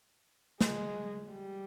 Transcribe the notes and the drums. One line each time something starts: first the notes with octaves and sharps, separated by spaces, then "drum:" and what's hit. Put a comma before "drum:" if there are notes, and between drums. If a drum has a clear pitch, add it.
G#3, drum: snare
G3